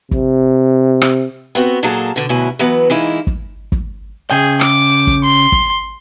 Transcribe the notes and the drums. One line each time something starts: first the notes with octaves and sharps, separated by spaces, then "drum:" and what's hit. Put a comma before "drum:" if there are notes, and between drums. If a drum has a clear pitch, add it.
C3, drum: kick
drum: rim click
B3 C4 F#4
A#2 F#3 A#3 G#4 A4 A5
B2 D3
D2 B2 F#3 E4 G#5
E3 F#3 B3
E3 G#3 A#3 D#4 E4
drum: kick
drum: kick
C#3 G#4 G5
D6, drum: rim click
drum: kick
C6
drum: kick